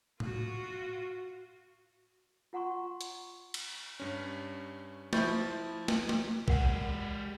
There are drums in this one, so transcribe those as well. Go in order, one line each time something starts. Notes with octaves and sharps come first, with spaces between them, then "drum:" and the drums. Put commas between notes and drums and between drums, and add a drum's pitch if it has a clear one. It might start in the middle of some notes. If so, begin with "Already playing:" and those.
F4 F#4, drum: tom A2
F4 F#5 A#5 C6 C#6
drum: hi-hat
drum: cymbal
G2 C#4
F3 E4 B5 C#6 G6 A6, drum: snare
drum: snare
drum: snare
G#3 G4 A#4 F#5, drum: kick A#1